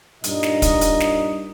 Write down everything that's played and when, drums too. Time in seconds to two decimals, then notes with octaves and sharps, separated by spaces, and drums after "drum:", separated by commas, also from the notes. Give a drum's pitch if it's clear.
0.24 G2 A#2 D#4 D#5, drum: hi-hat
0.43 drum: snare
0.62 drum: kick, hi-hat
0.81 drum: hi-hat
1.00 drum: snare